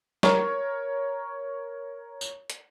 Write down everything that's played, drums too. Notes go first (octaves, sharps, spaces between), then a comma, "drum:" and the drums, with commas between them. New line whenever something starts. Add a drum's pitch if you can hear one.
A#4 C#5 A#5 C#6, drum: snare
drum: tambourine
drum: hi-hat